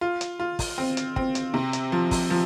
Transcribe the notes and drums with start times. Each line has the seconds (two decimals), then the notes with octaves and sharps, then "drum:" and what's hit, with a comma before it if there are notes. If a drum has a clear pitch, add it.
0.01 F4
0.21 drum: hi-hat
0.40 F4
0.59 drum: kick, open hi-hat
0.78 C4
0.97 drum: hi-hat
1.16 C4, drum: kick
1.35 drum: hi-hat
1.54 C3
1.73 drum: hi-hat
1.92 F3
2.11 drum: kick, open hi-hat
2.30 F3